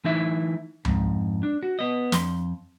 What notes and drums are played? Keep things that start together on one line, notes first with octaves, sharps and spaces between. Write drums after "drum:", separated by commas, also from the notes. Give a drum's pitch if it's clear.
E3 A3 D#4 E4 E5
F2 G#2, drum: tom C#2
D4
F#4
B3 D#5
F2 C6, drum: snare